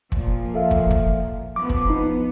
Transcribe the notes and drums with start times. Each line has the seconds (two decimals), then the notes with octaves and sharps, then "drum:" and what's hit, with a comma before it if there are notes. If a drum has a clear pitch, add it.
0.12 A#2 F3, drum: kick
0.55 A4 E5 F5
0.71 drum: kick
0.91 drum: kick
1.56 F3 B3 D6
1.70 drum: kick
1.90 B3 D#4